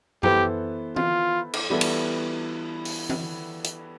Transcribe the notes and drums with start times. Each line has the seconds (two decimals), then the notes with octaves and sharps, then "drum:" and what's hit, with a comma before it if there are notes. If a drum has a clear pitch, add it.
0.23 E3 B3 E4 G4 A4 C5, drum: tom F#2
0.96 F4, drum: tom
1.53 drum: cymbal
1.70 E3 G3 B3 E4 A4
1.81 drum: cymbal
2.85 drum: open hi-hat
3.10 drum: tom
3.64 drum: hi-hat